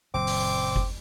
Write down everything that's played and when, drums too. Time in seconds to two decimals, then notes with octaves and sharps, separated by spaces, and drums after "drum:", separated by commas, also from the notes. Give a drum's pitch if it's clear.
0.14 F#1 A#2 F#3 C4 D6
0.27 drum: open hi-hat
0.76 drum: kick F#1